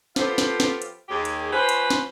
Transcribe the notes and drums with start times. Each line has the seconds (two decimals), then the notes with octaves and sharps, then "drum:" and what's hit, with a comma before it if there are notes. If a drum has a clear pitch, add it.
0.16 F3 B3 F4 G4 A4 C5, drum: snare
0.38 drum: snare
0.60 drum: snare
0.82 drum: hi-hat
1.09 D#2 G4 G#4
1.25 drum: hi-hat
1.52 F3 C#4 B4 C5
1.69 drum: hi-hat
1.91 drum: snare